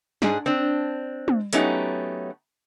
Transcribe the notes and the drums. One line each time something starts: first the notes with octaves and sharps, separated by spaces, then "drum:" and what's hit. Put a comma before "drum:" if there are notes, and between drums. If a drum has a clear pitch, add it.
G#2 D4 G#4, drum: snare
C4 D4
drum: tom
F#3 A3 B3 C#4 D#4 G4, drum: hi-hat